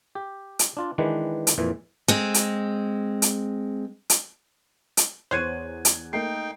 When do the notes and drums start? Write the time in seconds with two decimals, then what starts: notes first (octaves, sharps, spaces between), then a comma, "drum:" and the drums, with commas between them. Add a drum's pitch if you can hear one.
0.15 G4
0.59 drum: hi-hat
0.77 D4 F4 D5
0.98 D#3 E3 G#3 D4 B4
1.47 drum: hi-hat
1.58 F2 A#2 E3
2.08 G#3 C4
2.34 drum: hi-hat
3.22 drum: hi-hat
4.10 drum: hi-hat
4.97 drum: hi-hat
5.31 E2 B3 C5 C#5 F#6 G#6 D#7
5.85 drum: hi-hat
6.13 A3 A#3 D#4 G5 C7